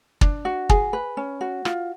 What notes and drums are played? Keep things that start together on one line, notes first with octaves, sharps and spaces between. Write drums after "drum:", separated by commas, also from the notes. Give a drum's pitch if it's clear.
D4, drum: kick
F#4
G#4, drum: kick
B4
C#4
F#4
F4, drum: rim click